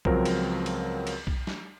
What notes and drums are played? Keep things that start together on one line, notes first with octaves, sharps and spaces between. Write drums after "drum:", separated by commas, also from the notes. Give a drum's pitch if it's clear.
C#2 F3 F#3 C4 A#4, drum: kick B1
drum: cymbal
drum: cymbal
drum: cymbal
drum: kick B1
drum: snare